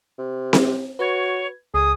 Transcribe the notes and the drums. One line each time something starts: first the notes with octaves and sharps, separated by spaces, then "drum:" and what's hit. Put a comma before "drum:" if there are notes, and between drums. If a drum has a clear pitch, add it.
C3
drum: snare C4
F#4 B4 C#5 G#6
C#2 G#4 D#6